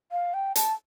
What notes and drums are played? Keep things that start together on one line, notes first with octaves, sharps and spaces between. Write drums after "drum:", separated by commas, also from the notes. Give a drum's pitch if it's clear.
F5
G5
A5, drum: hi-hat